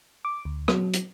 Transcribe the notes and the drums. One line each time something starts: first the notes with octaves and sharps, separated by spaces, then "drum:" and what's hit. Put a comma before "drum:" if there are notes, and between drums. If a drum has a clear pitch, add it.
D6
D2
F#3, drum: rim click
drum: hi-hat